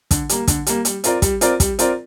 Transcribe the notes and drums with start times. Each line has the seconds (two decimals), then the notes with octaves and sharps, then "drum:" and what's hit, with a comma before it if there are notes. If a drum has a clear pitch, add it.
0.11 D3, drum: kick, hi-hat
0.29 G3 A#3, drum: hi-hat
0.48 D3, drum: kick, hi-hat
0.66 G3 A#3, drum: hi-hat
0.85 G3, drum: hi-hat
1.04 C4 F4 A#4 D5, drum: hi-hat
1.22 G3, drum: kick, hi-hat
1.41 C4 F4 A#4 D5, drum: hi-hat
1.60 G3, drum: kick, hi-hat
1.79 C4 F4 A#4 D5, drum: hi-hat